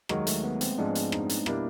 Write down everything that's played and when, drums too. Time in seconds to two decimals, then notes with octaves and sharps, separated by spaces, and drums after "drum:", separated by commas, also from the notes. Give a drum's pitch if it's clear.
0.09 D#2 D#3 F#3 G#3 A#3, drum: rim click
0.27 A3, drum: hi-hat
0.44 B3
0.61 C4, drum: hi-hat
0.78 G#2 F3 G#3 D4
0.95 drum: hi-hat
1.12 D#4, drum: rim click
1.29 drum: hi-hat
1.46 B2 G3 A#3 D4 E4 G4, drum: rim click